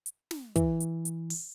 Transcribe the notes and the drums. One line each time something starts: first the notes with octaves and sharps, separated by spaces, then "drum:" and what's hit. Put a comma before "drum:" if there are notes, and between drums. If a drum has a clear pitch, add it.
drum: hi-hat
drum: snare
E3, drum: kick, hi-hat
drum: hi-hat
drum: hi-hat
drum: open hi-hat